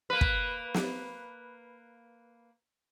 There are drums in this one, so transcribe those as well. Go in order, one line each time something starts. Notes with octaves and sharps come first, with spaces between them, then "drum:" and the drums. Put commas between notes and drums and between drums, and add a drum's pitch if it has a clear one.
A#3 B4
drum: kick
drum: snare